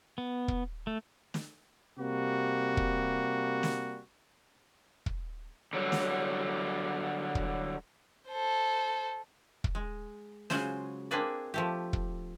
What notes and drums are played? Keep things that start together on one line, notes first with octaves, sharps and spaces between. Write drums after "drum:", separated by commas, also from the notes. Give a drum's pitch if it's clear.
B3
drum: kick
A3
drum: snare
C3 G3 A#3 F#4
drum: kick
drum: snare
drum: kick
D3 F#3 G3
drum: snare
drum: kick
A4 C5
drum: kick
G#3
C#3 F#3 G#3 C#4 F4 C5, drum: snare
A#3 C4 D4 G#4 B4 D5
F3 A3 G4
drum: kick